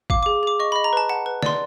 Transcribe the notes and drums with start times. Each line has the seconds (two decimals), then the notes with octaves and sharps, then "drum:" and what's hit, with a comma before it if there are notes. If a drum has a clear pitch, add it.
0.10 F5 D6, drum: kick G#1
0.23 G#4 D6
0.43 G#4 D6
0.60 D#5 C#6
0.72 D#5 B5
0.84 A#5
0.93 B4 A5
1.09 F#5 A5
1.26 B4
1.43 D5 C6, drum: snare